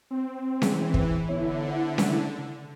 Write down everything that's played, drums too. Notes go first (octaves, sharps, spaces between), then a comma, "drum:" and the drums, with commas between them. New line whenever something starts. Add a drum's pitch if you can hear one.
C4
E3 G#4, drum: snare C#4
drum: kick
D3 B3 E4 C#5
C5 F#5
drum: snare C#4
C#3